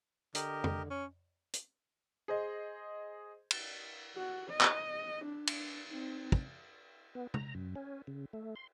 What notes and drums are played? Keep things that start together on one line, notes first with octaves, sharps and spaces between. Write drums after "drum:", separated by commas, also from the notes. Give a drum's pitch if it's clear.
D3 G4 A#4 D#5, drum: hi-hat
drum: tom
C#4
drum: hi-hat
G#4 C5 D#5
drum: cymbal
F#4
D#5
drum: clap
D4
drum: cymbal
C4 D#4
drum: kick
B3
A#5, drum: tom
F#2
C#4
C#3
A3
C6